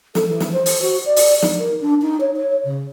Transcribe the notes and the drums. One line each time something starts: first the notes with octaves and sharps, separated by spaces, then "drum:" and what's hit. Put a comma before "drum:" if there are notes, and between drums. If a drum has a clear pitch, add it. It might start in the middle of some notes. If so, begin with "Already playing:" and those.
A4, drum: snare
E3
drum: snare
C5
drum: open hi-hat
F#4
D5
drum: open hi-hat
D#4, drum: snare
A#4
D4
D#4
C#5
C#5
C#3